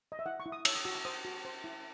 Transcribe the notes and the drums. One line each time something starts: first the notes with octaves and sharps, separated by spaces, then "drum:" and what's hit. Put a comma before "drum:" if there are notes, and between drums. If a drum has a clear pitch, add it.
D#5
E5
E4 F#5
C#6
E4
D#6
C#5 E6, drum: cymbal
D#6
F#4 E6
E6
C5 D#6
F#4
C5
E4